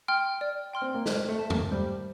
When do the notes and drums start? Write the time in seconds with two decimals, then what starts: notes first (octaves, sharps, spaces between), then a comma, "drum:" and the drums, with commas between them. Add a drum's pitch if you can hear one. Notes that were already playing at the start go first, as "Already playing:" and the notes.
0.08 G5 C6 F6
0.41 D5
0.73 G5 C6 F6
0.82 C4
0.94 A#3
1.06 A3 C5, drum: snare
1.29 A3
1.39 E5 A5
1.50 A#3, drum: tom E2
1.72 G3 C5